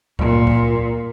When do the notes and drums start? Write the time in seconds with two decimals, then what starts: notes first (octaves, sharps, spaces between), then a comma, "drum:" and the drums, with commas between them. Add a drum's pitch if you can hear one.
0.19 A#2, drum: kick C#2
0.47 drum: kick C#2